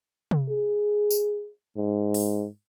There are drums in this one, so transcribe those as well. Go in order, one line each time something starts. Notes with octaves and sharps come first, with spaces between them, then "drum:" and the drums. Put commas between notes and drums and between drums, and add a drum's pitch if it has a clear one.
drum: tom C3
G#4
drum: tambourine
G#2
drum: open hi-hat